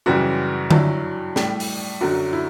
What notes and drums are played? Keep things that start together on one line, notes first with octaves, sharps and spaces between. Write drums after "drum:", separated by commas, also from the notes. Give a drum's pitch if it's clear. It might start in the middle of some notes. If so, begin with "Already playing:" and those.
F#2 C#3 E3 G3 F#4
G2 F#3 E4, drum: tom D3
A2 G3, drum: snare
drum: open hi-hat
F#2 D3 F#3 F#4
E4